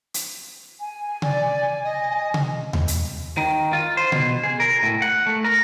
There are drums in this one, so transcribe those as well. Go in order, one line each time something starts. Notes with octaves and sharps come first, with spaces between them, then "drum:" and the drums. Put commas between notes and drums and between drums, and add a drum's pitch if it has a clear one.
drum: hi-hat
G#5
D5, drum: tom C3
D#5
drum: tom C3
drum: tom D#2
drum: hi-hat
D#3
F4
C5
B2, drum: tom C3
G#4
A#4
A2
F#5
A3
A#4